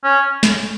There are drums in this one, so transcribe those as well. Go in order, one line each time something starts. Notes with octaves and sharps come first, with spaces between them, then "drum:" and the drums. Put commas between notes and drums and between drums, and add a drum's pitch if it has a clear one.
C#4
drum: snare